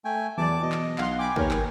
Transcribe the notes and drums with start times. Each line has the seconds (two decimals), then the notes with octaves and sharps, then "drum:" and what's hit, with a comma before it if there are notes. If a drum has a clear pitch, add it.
0.05 A3 G5 G#5
0.38 E2 E3 F#3 D5 A5 D6
0.63 B2 D#5
0.72 drum: clap
0.98 B1 F5 F#5 C6, drum: clap
1.19 G5 G#5 B5 D6
1.36 D#2 A#4 B4 C#5, drum: kick
1.51 drum: clap